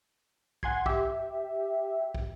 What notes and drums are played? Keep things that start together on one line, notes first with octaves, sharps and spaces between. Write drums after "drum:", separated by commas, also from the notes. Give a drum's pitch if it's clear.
F#5 G#5 C6 G#6, drum: kick
G4 E5, drum: kick
drum: kick